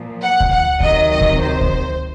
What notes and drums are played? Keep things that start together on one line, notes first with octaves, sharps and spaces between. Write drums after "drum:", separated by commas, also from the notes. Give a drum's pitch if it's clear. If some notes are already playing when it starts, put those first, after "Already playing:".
Already playing: A#2 F3
F#5
drum: kick D2
F#5
C3 D#3 F#3 D#5, drum: kick D2
D#5
drum: kick D2
C5
drum: kick D2